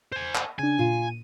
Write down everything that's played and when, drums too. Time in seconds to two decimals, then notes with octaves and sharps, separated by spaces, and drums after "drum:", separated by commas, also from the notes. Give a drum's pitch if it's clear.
0.12 C5 G#5
0.35 drum: clap
0.59 C#3 D4 G#5
0.79 A#2 F4 D#7